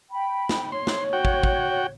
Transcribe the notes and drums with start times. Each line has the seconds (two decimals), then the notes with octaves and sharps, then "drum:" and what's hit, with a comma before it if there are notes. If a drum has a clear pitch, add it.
0.12 G5 B5
0.49 drum: snare
0.72 C#5 C6
0.87 drum: snare
1.13 F#4 G5
1.25 drum: kick
1.43 drum: kick